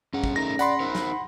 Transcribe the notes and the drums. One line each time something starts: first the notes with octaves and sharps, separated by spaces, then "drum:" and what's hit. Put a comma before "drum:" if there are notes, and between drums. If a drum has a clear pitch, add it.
G2 C#4 G#4 F#5
drum: kick
A3 D#4 A#4 A#6
D5 F#5 B5 C6, drum: hi-hat
D#4 A#4 C5
drum: snare